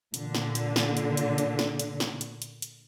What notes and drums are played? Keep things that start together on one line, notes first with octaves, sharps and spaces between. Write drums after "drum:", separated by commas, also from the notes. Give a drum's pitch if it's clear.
A#2 D3, drum: hi-hat
drum: snare
drum: hi-hat
drum: snare
drum: hi-hat
drum: hi-hat
drum: hi-hat
drum: snare
drum: hi-hat
drum: snare
drum: hi-hat
drum: hi-hat
drum: hi-hat